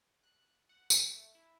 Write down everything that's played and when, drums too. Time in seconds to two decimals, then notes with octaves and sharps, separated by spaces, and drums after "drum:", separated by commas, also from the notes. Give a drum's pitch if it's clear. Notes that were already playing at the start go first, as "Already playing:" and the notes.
0.23 F#6
0.69 F#5
0.90 drum: tambourine
1.06 A3
1.35 E4